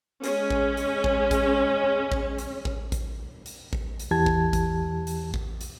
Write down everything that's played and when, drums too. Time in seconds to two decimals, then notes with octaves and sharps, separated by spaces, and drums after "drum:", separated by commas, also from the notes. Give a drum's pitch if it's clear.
0.24 G#3 C#4, drum: hi-hat
0.50 drum: kick A1
0.77 drum: hi-hat
1.04 drum: kick A1
1.31 drum: kick A1, hi-hat
2.12 drum: kick A1
2.38 drum: hi-hat
2.65 drum: kick A1
2.92 drum: kick A1, hi-hat
3.46 drum: hi-hat
3.73 drum: kick A1
4.00 drum: hi-hat
4.11 E2 E3 G4 A5 G#6
4.26 drum: kick A1
4.53 drum: kick A1, hi-hat
5.07 drum: hi-hat
5.34 drum: kick A1
5.61 drum: hi-hat